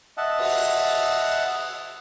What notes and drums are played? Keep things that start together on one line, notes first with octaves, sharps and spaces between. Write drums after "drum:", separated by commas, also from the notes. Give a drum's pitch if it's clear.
D#5 E5 F#5 A5
drum: cymbal